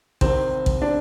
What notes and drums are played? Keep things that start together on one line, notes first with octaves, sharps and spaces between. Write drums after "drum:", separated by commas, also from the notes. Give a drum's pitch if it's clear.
C2 C3 D#3 C4, drum: kick A1
drum: kick A1
D4